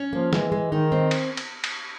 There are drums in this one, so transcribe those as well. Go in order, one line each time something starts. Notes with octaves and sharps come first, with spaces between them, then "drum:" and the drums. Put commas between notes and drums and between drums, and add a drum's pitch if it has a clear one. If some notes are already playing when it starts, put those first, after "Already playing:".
Already playing: C#4
F3 A#3
E3 G#3, drum: snare
G#3
D#3 D#4
C4
drum: cymbal
drum: cymbal
drum: cymbal